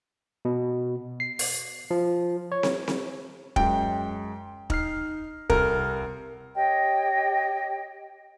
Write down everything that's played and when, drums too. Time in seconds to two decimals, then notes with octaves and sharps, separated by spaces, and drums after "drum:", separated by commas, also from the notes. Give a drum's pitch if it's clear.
0.45 B2
1.20 C7
1.39 drum: open hi-hat
1.91 F3
2.52 C#5
2.63 drum: snare C4
2.88 drum: snare C4
3.56 F#2 G#3 G5, drum: kick
4.70 D#4 F6 C7, drum: kick
5.50 C2 A4 A#4 F6, drum: kick
6.55 G4 C#5 D#5 G5